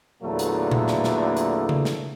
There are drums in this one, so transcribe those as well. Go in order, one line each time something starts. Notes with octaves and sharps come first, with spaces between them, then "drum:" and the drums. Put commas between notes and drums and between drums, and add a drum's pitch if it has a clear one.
E2 A#2 D3 F#3 A3 A#3
drum: hi-hat
drum: tom A#2
drum: snare
drum: snare
drum: hi-hat
drum: tom C#3
drum: snare